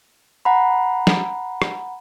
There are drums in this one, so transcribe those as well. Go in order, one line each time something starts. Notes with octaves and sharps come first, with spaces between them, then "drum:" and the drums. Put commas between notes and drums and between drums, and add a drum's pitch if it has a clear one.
F#5 A#5 B5
drum: snare
drum: rim click